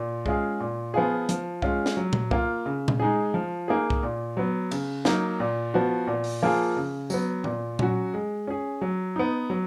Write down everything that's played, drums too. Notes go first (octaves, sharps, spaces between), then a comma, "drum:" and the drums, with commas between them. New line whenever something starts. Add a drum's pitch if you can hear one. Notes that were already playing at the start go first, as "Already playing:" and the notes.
Already playing: A#2
G#3 C#4 F4 G#4, drum: kick
A#2
F3 B3 F4 G#4
F3, drum: hi-hat
G#3 C#4 F4, drum: kick
drum: snare
F#3
drum: tom A#2
A#3 F4, drum: kick
C#3
drum: tom A#2
G#3 D#4 G#4
F3
A#3 D#4 G#4
drum: kick
A#2
F#3 B3
C#3, drum: cymbal
F#3 A#3 D#4, drum: snare
A#2
F3 B3 F#4
A#2
drum: open hi-hat
F3 A#3 F4 G#4
C#3
F#3 B3, drum: tambourine
A#2, drum: tom E3
F#3 C#4 F#4, drum: tom A#2
G#3
C#4 G#4
F#3
B3 D#4
F#3